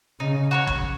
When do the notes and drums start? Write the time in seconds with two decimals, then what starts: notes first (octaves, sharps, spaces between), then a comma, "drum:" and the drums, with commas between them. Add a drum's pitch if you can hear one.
0.20 C#3 D#4
0.51 F#4 A#4 C#5
0.67 drum: kick